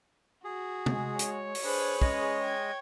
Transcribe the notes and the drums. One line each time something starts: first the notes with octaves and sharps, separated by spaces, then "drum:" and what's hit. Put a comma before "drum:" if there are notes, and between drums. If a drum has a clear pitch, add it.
F#4 G#4
G#3, drum: tom C3
C#5, drum: hi-hat
drum: open hi-hat
D4 G#4 B4 C5
G#3 C#4 D#5, drum: kick
G5 G#6